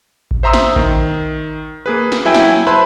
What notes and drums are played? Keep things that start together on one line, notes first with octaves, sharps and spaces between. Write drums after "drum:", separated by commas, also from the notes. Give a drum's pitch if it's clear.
drum: kick A1
C5 E5 A#5 C6 D#6 E6
drum: snare
D#3, drum: kick A1
A#3 G#4 B4
drum: snare
F#3 E4 E5 G5 G#5
drum: snare
B4 C5 E5 A5 B5 C6